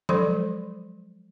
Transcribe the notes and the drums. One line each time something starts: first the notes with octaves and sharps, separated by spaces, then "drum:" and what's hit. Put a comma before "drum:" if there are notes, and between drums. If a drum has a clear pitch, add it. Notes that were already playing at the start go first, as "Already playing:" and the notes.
F3 F#3 G#3 A4 C5 D5, drum: tom